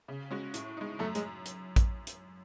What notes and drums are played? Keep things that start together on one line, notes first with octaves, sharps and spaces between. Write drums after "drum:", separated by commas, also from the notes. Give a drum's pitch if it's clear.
C#3
G#3 C#4 F#4
A2, drum: hi-hat
G#3 D#4
F#2 A3
G#3, drum: hi-hat
drum: hi-hat
drum: kick A1, hi-hat
drum: hi-hat